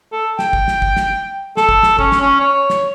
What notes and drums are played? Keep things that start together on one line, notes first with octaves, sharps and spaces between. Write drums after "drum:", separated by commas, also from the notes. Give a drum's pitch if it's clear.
A4
G5, drum: snare
drum: kick
drum: snare
drum: kick
drum: snare
A4, drum: snare
drum: kick
drum: snare
C#4, drum: kick
drum: snare
C#4
C#5
drum: snare